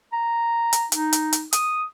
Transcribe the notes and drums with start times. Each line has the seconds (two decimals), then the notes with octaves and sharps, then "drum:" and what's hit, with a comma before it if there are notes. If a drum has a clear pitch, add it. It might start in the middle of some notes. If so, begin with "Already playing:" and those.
0.13 A#5
0.73 drum: hi-hat
0.92 D#4, drum: hi-hat
1.13 drum: hi-hat
1.33 drum: hi-hat
1.53 D#6, drum: hi-hat